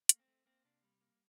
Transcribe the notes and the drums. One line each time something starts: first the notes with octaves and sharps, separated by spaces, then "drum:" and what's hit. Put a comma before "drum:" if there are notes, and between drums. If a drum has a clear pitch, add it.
A3 A#3, drum: hi-hat
C4
A3
A#3 C4
C3 D4
G3
A#3